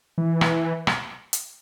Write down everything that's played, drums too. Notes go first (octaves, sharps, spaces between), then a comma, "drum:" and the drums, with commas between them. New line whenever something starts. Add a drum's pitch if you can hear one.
E3
drum: rim click
drum: rim click
drum: hi-hat